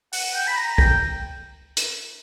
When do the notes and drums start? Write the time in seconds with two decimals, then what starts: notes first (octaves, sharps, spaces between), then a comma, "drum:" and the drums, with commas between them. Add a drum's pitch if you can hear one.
0.13 F#5, drum: open hi-hat
0.35 G5
0.47 B5
0.57 A#5
0.78 G5, drum: kick
1.77 drum: hi-hat